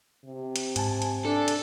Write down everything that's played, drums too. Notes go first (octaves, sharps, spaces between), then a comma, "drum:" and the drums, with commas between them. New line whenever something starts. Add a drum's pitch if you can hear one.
C3
drum: hi-hat
G#2 G#5 A5, drum: hi-hat
drum: hi-hat
D4 A4
drum: hi-hat